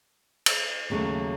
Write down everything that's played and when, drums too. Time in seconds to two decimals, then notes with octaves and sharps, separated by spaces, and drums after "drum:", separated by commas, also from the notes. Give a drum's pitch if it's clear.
0.46 drum: cymbal
0.90 D#2 C#3 F#3 A3